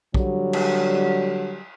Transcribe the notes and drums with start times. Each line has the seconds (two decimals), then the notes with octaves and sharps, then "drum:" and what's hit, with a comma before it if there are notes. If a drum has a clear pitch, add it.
0.14 D3 F#3 G3, drum: kick
0.53 drum: cymbal